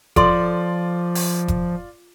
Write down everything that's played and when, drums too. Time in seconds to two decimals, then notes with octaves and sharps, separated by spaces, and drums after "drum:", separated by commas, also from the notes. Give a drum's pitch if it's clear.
0.16 F3 F4 A4 D5 C6, drum: kick F1, hi-hat
1.15 drum: open hi-hat
1.48 drum: kick F1, hi-hat